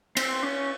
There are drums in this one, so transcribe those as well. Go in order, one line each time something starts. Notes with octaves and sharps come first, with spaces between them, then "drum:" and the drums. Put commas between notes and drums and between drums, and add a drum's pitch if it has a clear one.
C4, drum: cymbal
C#4